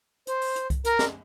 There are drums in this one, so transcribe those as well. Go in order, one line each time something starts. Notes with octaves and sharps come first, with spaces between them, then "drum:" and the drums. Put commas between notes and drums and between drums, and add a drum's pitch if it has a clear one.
C5, drum: hi-hat
drum: open hi-hat
drum: hi-hat
drum: kick C2, hi-hat
A#4, drum: hi-hat
drum: snare